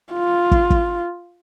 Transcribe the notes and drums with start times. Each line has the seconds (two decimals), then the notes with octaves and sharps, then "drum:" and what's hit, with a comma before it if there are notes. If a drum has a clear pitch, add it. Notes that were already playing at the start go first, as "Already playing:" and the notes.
0.13 F4
0.51 drum: kick
0.70 drum: kick